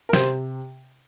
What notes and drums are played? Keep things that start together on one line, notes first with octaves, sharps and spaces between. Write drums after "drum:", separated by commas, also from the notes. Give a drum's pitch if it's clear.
A#4
C3 C5, drum: snare